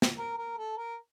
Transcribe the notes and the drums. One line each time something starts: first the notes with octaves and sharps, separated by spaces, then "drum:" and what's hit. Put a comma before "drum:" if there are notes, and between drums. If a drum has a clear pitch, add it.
drum: snare
A#4
A#4
A4
A#4